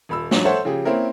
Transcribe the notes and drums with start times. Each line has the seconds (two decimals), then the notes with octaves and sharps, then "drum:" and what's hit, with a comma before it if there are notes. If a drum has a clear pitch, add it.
0.09 D#1 B5 E6
0.31 F#3 D4, drum: snare
0.45 A4 C5 C#5 E5 F#5
0.65 C#3 F3 G4 G#4
0.85 A#3 C4 C#4 E4 A#4